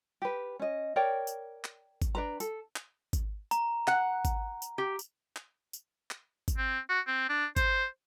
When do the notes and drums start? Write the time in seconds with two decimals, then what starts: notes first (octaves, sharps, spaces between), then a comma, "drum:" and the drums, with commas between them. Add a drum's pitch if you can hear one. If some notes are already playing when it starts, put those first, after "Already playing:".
0.22 G4 B4
0.59 C#4 D#5
0.96 A#4 C#5 D5 G5
1.27 drum: tambourine
1.64 drum: clap
2.02 drum: kick G#1, tambourine
2.15 D4 B4 A#5
2.40 A4, drum: tambourine
2.76 drum: clap
3.13 drum: kick G#1, tambourine
3.51 A#5, drum: tambourine
3.87 F#5, drum: clap
4.25 drum: kick G#1, tambourine
4.62 drum: tambourine
4.78 G4
4.99 drum: tambourine
5.36 drum: clap
5.73 drum: tambourine
6.11 drum: clap
6.48 drum: kick G#1, tambourine
6.58 C4
6.89 F#4
7.07 C4
7.29 D4
7.56 C5, drum: kick G#1, tambourine